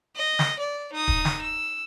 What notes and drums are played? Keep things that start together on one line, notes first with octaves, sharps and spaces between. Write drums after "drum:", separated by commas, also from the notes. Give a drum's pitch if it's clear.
D#5
drum: snare
D5
D#4 D#6
drum: kick
drum: snare
E6